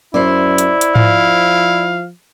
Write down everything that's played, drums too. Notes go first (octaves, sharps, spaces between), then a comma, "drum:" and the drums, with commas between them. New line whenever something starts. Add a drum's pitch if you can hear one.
F#2 E4 C5 D5
drum: hi-hat
drum: hi-hat
F3 F5, drum: tom G#2